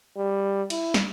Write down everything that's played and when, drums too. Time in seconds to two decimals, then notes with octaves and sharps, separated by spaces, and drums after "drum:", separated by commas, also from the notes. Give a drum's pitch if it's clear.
0.17 G3
0.70 E4, drum: cymbal
0.94 drum: snare